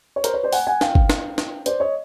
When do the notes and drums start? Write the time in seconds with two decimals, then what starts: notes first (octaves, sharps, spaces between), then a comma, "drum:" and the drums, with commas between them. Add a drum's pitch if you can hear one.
0.16 C#5
0.24 A#4 C5, drum: hi-hat
0.33 B4 C#5
0.43 C5 D5
0.53 F#5 G#5, drum: open hi-hat
0.67 F#5 G#5
0.81 F5 G5, drum: snare
0.95 drum: kick G1
1.10 drum: snare
1.38 drum: snare
1.66 C5 D5, drum: hi-hat
1.80 C#5 D#5